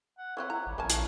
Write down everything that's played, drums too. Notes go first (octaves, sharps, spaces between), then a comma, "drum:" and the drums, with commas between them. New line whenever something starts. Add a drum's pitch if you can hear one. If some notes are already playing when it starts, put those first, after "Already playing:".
F#5
E3 C4 F4 B4 C#5 F#5
E4 A#5
G#1 G3
A#1 A#3 B3 C#4 A#4 G#5 A5
drum: hi-hat